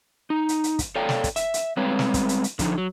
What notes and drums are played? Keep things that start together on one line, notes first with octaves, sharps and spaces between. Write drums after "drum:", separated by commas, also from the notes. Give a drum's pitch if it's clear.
D#4
drum: hi-hat
drum: hi-hat
drum: kick, hi-hat
A4 C#5 D5 F5 G5
drum: snare
drum: kick, hi-hat
E5, drum: hi-hat
drum: hi-hat
G3 G#3 C4 B4 C#5 F5
drum: snare
drum: kick, hi-hat
drum: hi-hat
drum: hi-hat
D3 F3 D#4, drum: kick, hi-hat
F#3